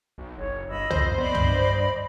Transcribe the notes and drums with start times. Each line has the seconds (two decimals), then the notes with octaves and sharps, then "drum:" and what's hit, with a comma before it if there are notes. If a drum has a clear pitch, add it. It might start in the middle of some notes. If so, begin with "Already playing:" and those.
0.18 B1
0.38 F#1 C#5
0.68 G1 D#5 B5 E6
0.91 F2 C5, drum: tom
1.18 B3 D5 D#5 B5
1.34 G2, drum: tom